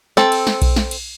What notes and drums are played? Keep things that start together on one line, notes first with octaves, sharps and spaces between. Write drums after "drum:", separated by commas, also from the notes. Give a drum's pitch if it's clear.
C4 A4, drum: snare
drum: cymbal
drum: snare
drum: kick B1, cymbal
drum: snare
drum: cymbal